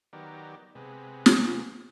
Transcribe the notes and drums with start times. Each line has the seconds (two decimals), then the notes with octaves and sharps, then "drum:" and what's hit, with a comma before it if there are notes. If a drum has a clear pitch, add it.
0.13 D#3 F#3 B3 G4 A#4 D5
0.75 C3 G#3 B3
1.26 drum: snare